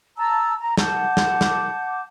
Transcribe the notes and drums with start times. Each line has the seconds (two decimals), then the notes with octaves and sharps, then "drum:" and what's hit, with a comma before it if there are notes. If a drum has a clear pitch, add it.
0.17 A5 A#5 E6
0.60 A#5
0.77 F#5 A5 D6 G6, drum: snare
1.17 drum: snare
1.41 drum: snare